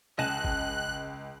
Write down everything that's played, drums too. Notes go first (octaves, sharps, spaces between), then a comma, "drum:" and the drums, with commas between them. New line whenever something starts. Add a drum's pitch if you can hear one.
C#2 D#5 G#5 A5 F#6
drum: kick G1